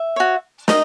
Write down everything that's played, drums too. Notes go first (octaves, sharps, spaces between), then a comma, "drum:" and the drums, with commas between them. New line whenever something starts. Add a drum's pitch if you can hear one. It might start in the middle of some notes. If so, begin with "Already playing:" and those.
Already playing: E5
F#4 C#5
D#4 D#5, drum: snare